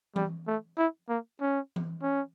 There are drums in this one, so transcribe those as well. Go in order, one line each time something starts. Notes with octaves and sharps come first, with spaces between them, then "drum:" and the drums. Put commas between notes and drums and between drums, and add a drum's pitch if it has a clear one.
G3, drum: tom E3
A3
E4
A#3
C#4
drum: tom E3
C#4